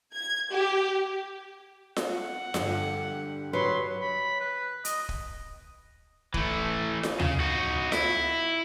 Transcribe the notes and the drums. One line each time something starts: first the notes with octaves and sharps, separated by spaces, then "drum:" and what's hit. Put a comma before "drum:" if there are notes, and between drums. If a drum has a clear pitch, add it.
G#6
G4
F#5, drum: snare F4
G2 D3 G3, drum: snare F4
F#3 B4 C6
B5
B4
D#5, drum: hi-hat
drum: kick
E3 A3, drum: kick
drum: snare F4
C#3, drum: tom D2
D#4 F#4
E4, drum: snare F4